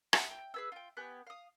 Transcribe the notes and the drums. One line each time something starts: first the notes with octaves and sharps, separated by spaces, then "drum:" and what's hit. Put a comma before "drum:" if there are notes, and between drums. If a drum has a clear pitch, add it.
E5 F#5 D#6, drum: rim click
G5
G#4 B4 E6
F4 G5
B3 G4 G#5 F#6
F5 D#6